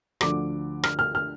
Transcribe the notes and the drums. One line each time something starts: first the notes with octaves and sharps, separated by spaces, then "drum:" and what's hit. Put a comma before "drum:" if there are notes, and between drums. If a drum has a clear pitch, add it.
D2 D3 F3 D6, drum: rim click
F6, drum: rim click
F6
F6